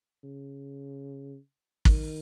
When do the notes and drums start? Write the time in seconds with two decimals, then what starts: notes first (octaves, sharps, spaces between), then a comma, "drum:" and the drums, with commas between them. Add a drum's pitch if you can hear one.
0.24 C#3
1.85 D#3, drum: kick